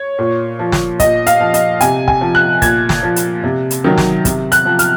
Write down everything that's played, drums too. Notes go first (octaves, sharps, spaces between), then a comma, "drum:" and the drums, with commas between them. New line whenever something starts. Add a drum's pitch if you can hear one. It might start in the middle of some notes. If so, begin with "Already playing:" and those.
Already playing: C#5
A#2
F3
drum: snare
A#2 D#5, drum: kick, hi-hat
F5, drum: hi-hat
F3
D#5, drum: hi-hat
C3 G#5, drum: hi-hat
G#5, drum: kick
F3
F#6
A#2 G#6, drum: kick, hi-hat
drum: snare
F3
drum: hi-hat
C3
drum: hi-hat
D#3 F#3
drum: snare
C3, drum: kick, hi-hat
F#6, drum: hi-hat
F3
F6, drum: hi-hat